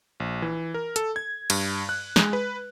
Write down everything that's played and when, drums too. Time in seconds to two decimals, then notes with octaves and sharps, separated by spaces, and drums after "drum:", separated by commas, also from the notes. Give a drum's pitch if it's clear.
0.20 A#1
0.42 E3
0.74 A#4
0.96 A4, drum: hi-hat
1.16 G#6
1.50 G2, drum: cymbal
1.89 F#6
2.16 G#3, drum: snare
2.33 B4